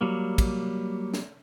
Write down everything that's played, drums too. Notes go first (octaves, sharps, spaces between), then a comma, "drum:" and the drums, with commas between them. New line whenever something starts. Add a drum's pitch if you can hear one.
F#3 G3 A#3
drum: kick, cymbal
drum: snare